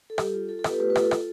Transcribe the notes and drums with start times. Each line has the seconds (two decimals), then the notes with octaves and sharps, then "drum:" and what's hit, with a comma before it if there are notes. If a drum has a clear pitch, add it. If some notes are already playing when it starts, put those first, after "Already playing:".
0.10 A4
0.18 G3 G4, drum: rim click
0.34 F4
0.49 F4 A4
0.59 A4
0.64 B3, drum: rim click
0.69 G4 B4
0.80 A3 G4 B4
0.90 G4 B4
0.96 F4, drum: rim click
1.01 A4
1.11 F4, drum: rim click